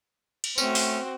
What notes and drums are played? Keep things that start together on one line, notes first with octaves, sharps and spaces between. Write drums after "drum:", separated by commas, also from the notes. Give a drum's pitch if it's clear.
drum: cymbal
A3 C4 C#4 F#4, drum: tambourine
drum: open hi-hat